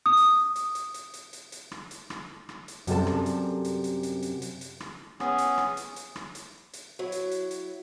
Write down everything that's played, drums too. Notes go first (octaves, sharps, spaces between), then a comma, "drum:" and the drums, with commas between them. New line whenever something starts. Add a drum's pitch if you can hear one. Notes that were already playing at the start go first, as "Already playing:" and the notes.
D#6
drum: hi-hat
drum: hi-hat
drum: hi-hat
drum: hi-hat
drum: hi-hat
drum: hi-hat
drum: hi-hat
drum: rim click
drum: hi-hat
drum: rim click
drum: rim click
drum: hi-hat
F#2 C3 G3 A4 A5, drum: hi-hat
drum: rim click
drum: hi-hat
drum: hi-hat
drum: hi-hat
drum: hi-hat
drum: hi-hat
drum: hi-hat
drum: hi-hat
drum: rim click
B3 C#4 G#4, drum: rim click
drum: hi-hat
drum: rim click
drum: hi-hat
drum: hi-hat
drum: rim click
drum: hi-hat
drum: hi-hat
F#3 E4 C#5
drum: hi-hat
drum: hi-hat
drum: hi-hat